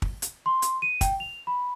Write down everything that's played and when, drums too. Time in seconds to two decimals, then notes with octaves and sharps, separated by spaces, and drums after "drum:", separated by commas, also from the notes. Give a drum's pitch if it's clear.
0.02 drum: kick
0.22 drum: hi-hat
0.46 C6
0.62 drum: hi-hat
0.82 D#7
1.01 G5, drum: kick, hi-hat
1.20 F7
1.47 B5